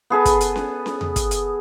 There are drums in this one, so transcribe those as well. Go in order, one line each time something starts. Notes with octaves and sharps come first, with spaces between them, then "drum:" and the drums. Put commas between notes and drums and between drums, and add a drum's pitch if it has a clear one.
B3 G#4 A4 B4
drum: kick, hi-hat
drum: hi-hat
drum: snare C#4
drum: snare C#4
drum: tom E2
drum: kick, hi-hat
drum: hi-hat